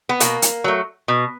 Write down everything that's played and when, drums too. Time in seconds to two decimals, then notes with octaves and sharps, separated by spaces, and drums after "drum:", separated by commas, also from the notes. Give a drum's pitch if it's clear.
0.09 B3
0.20 B2 A#3, drum: hi-hat
0.42 drum: hi-hat
0.64 F#3 A3
1.08 B2